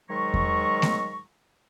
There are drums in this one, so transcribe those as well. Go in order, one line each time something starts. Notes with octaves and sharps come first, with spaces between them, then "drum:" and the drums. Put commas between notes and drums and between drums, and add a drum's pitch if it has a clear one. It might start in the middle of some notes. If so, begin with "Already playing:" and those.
G#2 D#3 F#3 G#3 A#5 C#6
drum: kick E2
drum: snare A3